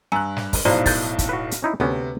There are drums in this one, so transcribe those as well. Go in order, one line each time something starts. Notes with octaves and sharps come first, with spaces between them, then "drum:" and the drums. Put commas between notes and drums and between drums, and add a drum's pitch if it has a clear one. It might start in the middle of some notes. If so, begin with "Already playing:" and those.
G2 G#5 A#5 E6 F#6
drum: snare
drum: kick, open hi-hat
B1 A2 F3 D#4 C5 D5 F5 A#5
F#6 G6 A6, drum: kick, open hi-hat
drum: kick, hi-hat
F#4 B4
drum: hi-hat
C#4 D#4 E4
D2 C3 B3 C#4 B4